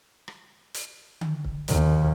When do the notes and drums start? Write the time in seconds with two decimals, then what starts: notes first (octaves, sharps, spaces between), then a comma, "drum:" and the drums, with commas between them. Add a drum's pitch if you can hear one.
0.28 drum: rim click
0.74 drum: hi-hat
1.21 drum: tom D3
1.44 drum: kick C#1
1.68 D#2, drum: hi-hat